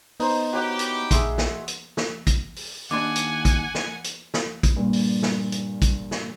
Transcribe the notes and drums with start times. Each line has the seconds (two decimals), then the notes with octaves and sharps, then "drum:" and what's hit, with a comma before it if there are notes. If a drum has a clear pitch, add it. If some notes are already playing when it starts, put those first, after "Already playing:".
0.20 B3 D#4 C5, drum: open hi-hat
0.53 E4 F#4 G4 C#5 F#5
0.79 drum: hi-hat
1.11 A#1 G#4 E5 C6, drum: kick, hi-hat
1.38 drum: snare
1.68 drum: hi-hat
1.97 drum: snare
2.27 drum: kick, hi-hat
2.56 drum: open hi-hat
2.91 D#2 D4 F#5 G#5 C6 D6
3.15 drum: hi-hat
3.45 drum: kick, hi-hat
3.75 drum: snare
4.04 drum: hi-hat
4.34 drum: snare
4.63 drum: kick, hi-hat
4.76 G2 A#2
4.93 drum: open hi-hat
5.23 drum: snare
5.52 drum: hi-hat
5.82 drum: kick, hi-hat
6.11 drum: snare